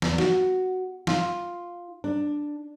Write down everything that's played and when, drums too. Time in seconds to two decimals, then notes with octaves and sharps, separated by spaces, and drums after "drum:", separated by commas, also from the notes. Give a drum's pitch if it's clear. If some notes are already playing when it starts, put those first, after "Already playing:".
0.02 E2, drum: snare
0.18 F#4, drum: snare
1.07 F4, drum: snare
2.04 D4